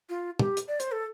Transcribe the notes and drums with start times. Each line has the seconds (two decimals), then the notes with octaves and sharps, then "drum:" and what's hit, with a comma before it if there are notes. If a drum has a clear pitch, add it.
0.09 F4
0.39 G4, drum: tom
0.57 drum: hi-hat
0.68 D5
0.80 C5, drum: hi-hat
0.92 A4